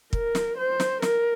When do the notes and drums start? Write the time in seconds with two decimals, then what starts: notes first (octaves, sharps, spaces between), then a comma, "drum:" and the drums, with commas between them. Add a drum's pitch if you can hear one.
0.13 A#4, drum: kick
0.35 drum: snare
0.58 C5
0.80 drum: snare
1.02 A#4, drum: snare